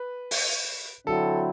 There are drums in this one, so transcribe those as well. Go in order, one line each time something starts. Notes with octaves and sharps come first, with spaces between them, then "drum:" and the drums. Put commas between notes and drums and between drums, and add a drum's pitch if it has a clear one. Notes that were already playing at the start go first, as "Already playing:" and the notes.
Already playing: B4
drum: open hi-hat
D3 F#3 C4 E4 A4